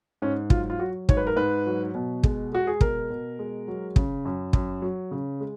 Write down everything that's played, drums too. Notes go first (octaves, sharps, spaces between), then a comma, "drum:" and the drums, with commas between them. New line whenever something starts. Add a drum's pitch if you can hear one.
G#2 C#4
F#3 F4, drum: kick
F4
F#3 F#4
G#2 C#5, drum: kick
B4
A#4
G#2 B4
F#3
B2
G#3, drum: kick
G#3 F#4
G#4
B2 A#4, drum: kick
B2
G#3
F#3
C#3, drum: kick
F#2
F#2, drum: kick
F#3
C#3
G#3